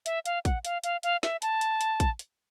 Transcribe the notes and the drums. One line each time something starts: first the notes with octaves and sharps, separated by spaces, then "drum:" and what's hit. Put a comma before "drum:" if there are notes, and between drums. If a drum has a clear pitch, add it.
E5, drum: hi-hat
F5, drum: hi-hat
F#5, drum: kick, hi-hat
F5, drum: hi-hat
F5, drum: hi-hat
F5, drum: hi-hat
E5, drum: snare
A5, drum: hi-hat
drum: hi-hat
drum: hi-hat
drum: kick, hi-hat
drum: hi-hat